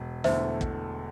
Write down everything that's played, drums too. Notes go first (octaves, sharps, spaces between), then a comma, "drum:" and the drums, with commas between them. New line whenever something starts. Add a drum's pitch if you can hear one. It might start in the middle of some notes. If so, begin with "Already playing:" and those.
Already playing: E1
E2 D3 A3 C5 E5, drum: snare
E1, drum: kick